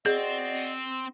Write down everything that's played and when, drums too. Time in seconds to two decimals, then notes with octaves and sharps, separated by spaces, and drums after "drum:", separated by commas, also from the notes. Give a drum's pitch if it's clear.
0.06 C4 F#4 G#4 D5 D#5
0.55 drum: tambourine